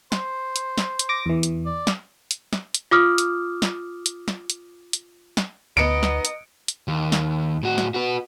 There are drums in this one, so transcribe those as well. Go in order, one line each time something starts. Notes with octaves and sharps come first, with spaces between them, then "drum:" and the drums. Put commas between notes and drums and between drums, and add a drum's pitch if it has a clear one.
C5, drum: snare
drum: hi-hat
drum: snare
drum: hi-hat
D6 A#6
E2 E3
drum: hi-hat
D5
drum: snare
drum: hi-hat
drum: snare
drum: hi-hat
F4 D6 D#6 F6
drum: hi-hat
drum: snare
drum: hi-hat
drum: snare
drum: hi-hat
drum: hi-hat
drum: snare
D2 B3 D#4 D#5 C#7 D7
drum: snare
drum: hi-hat
drum: hi-hat
D#2
drum: snare
A2 F#4
drum: snare
F#4 B4